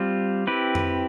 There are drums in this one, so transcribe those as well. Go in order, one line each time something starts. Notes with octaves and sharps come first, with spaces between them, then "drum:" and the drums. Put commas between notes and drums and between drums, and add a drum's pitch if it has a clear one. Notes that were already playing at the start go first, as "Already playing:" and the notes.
Already playing: G3 C4 F4
C4 E4 G4 B4
drum: tom F2